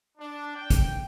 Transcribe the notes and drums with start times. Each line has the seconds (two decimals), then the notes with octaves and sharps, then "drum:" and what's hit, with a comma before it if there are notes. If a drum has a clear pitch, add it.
0.18 D4
0.56 G5
0.70 drum: kick, hi-hat